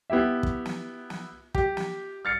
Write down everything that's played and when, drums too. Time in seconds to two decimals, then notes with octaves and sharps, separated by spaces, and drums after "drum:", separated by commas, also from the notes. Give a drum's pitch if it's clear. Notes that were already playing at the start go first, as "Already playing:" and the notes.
0.10 B3 E4 G4 E5
0.43 drum: kick
0.65 drum: snare
1.10 drum: snare
1.55 G4, drum: kick
1.77 drum: snare
2.25 F6 A6 C#7